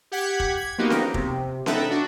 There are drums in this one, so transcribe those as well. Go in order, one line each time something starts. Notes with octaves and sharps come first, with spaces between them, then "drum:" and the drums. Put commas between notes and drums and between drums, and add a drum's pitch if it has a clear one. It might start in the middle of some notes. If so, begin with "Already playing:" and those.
G4 F#5 G#6 B6
drum: kick F1
G#6
F3 A#3 B3 D#4 F#4 G4
drum: snare C#4
C3, drum: kick F1
B3 D#4 A4 E5 F#5 G5, drum: snare C#4
D4 F#4